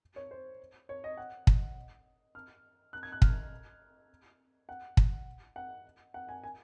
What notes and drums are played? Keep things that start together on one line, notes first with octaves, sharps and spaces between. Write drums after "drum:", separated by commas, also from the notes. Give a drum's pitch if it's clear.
C#5
C5
C#5
D#5
F#5
drum: kick
F6
F#6
G#6
F#6
F6, drum: kick
F#5
drum: kick
F#5
F#5
G#5
G#5